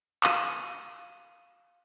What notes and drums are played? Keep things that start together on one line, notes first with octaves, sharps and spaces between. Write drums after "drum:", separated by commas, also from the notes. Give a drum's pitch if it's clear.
F5 D#7 E7, drum: clap